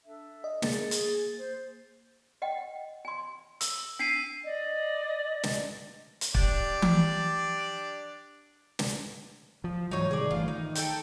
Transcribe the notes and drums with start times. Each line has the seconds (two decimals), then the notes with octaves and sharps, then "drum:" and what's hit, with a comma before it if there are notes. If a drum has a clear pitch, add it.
0.06 D4 A4 E5
0.44 D#5
0.62 A#3 G#4 A6, drum: snare
0.91 drum: hi-hat
1.39 C5
2.42 D#5 F#5 G5
3.05 G#5 C6
3.61 E6, drum: hi-hat
3.99 D4 G#5 B6 C7 D#7
4.44 D5 D#5
5.43 drum: snare
6.21 drum: hi-hat
6.34 D4 G4 D5, drum: kick
6.82 drum: tom E3
8.79 drum: snare
9.64 F3
9.91 G#2 E3 F#3 D#4 C#5
10.11 C3 D#3 G3 G#4 D5
10.31 G1 E3 A3 F4
10.48 D#3 D#4
10.75 A4 G5, drum: hi-hat